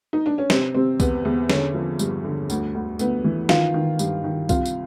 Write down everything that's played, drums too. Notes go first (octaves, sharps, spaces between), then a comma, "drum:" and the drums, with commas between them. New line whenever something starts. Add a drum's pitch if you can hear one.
D#4
D4
C#4
C3 C4, drum: snare
C3 C4
E2 B3, drum: kick C2, tambourine
E2
D3 C#4, drum: snare
F3
G2, drum: tambourine
D3
D2, drum: tambourine
D2
D2 B3, drum: tambourine
E3
D#3 F4, drum: snare
D#3
G2, drum: tambourine
D#3
C2 F4, drum: kick C2, tambourine
drum: tambourine